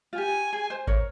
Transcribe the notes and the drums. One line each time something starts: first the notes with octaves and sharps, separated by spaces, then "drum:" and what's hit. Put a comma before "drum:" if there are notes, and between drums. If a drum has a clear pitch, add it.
F4
G4 G#5
G#4
C5
A#4 C#5, drum: kick G#1